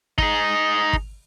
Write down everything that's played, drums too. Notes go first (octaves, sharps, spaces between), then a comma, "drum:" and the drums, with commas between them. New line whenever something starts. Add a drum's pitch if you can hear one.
D#4 G#4, drum: kick
drum: kick